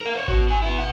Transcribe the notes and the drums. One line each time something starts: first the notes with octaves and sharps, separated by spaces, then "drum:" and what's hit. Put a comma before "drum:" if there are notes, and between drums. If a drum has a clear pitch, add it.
A#4 F5
C5 C#5
B3 F#4, drum: kick G#1
F#4 G#5
B3 E4
B2 F#5